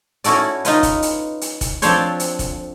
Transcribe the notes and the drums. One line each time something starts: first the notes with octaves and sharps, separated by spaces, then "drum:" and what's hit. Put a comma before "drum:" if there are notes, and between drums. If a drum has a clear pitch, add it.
C#4 E4 F#4 A4 D5, drum: hi-hat
D#4 F4 B4, drum: hi-hat
drum: kick F1, hi-hat
drum: hi-hat
drum: hi-hat
drum: kick F1, hi-hat
F3 C4 D4 A4 C5 C#5, drum: hi-hat
drum: hi-hat
drum: kick F1, hi-hat